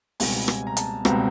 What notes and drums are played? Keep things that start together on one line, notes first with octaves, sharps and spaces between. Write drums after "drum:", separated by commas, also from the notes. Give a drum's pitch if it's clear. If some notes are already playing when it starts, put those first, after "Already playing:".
C#2 B2 G3 C4 G#5, drum: open hi-hat
G#5, drum: rim click
A#5
A5, drum: hi-hat
C#2 B2 G3 C4 A#5, drum: rim click